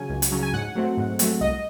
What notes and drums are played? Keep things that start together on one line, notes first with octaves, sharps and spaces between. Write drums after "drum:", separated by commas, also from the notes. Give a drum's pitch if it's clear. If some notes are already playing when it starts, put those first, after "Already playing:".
Already playing: C#3 F#3 C#4 G#5
C#2
drum: hi-hat
C#3 F#3 C#4
G#5
G#2 F#5
F#3 A3 C4
G#2
F#3 A3 C4, drum: hi-hat
C2 D#5